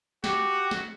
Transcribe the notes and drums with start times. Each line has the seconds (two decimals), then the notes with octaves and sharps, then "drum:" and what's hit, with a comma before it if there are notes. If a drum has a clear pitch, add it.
0.24 F#4 G4, drum: snare
0.71 drum: snare